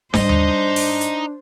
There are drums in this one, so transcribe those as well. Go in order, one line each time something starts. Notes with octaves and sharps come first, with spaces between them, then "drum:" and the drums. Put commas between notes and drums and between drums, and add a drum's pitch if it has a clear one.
G#2 G3 D4 D#4 C5 D#5, drum: snare D4
drum: tom D#2
drum: open hi-hat
drum: hi-hat